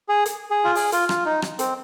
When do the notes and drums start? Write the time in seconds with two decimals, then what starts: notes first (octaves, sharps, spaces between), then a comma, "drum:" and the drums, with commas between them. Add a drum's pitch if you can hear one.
0.09 G#4
0.26 drum: hi-hat
0.51 G#4
0.64 F4
0.75 G#4, drum: open hi-hat
0.92 F4, drum: hi-hat
1.09 F4, drum: rim click
1.26 D#4
1.42 drum: rim click
1.59 C4, drum: hi-hat